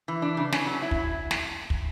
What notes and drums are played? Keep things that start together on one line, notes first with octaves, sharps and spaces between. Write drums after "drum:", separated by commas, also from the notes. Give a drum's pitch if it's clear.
E3
D4
C#3
C#4, drum: snare
F#3
E4
drum: kick
drum: snare
drum: kick